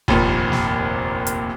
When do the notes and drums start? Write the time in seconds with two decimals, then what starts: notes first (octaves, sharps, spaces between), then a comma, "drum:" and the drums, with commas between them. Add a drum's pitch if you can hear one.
0.08 F1 A#1 D#2 A#2, drum: kick
0.52 drum: snare
1.27 drum: hi-hat